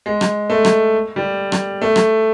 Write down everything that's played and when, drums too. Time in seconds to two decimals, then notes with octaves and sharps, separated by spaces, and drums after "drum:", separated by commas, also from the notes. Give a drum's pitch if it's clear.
0.06 G#3
0.21 drum: rim click
0.50 A3
0.65 drum: rim click
1.16 G3
1.52 drum: rim click
1.81 A3
1.96 drum: rim click